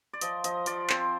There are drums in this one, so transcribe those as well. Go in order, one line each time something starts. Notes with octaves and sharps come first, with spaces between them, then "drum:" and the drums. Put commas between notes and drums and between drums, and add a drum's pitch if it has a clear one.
D5
F3 D#5, drum: hi-hat
F3 D#5, drum: hi-hat
F3 D5, drum: hi-hat
C4 C5, drum: clap